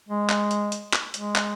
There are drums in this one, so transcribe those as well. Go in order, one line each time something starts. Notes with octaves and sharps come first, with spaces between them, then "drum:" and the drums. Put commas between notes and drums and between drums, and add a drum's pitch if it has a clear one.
G#3
drum: clap
drum: hi-hat
drum: hi-hat
drum: clap
G#3, drum: hi-hat
drum: clap